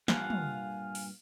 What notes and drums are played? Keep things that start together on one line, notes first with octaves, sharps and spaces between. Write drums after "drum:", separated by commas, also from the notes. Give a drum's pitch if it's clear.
G2 A#2 A#3 F4 F5 F#5 G#5, drum: snare
drum: tom
drum: open hi-hat